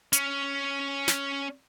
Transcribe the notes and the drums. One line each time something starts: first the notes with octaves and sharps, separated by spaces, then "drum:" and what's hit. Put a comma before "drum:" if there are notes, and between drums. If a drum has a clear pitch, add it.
C#4, drum: hi-hat
drum: snare